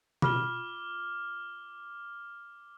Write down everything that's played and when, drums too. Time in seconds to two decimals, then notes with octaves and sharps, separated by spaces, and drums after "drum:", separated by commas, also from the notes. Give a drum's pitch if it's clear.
0.22 F4 D6 F6 G7, drum: tom B2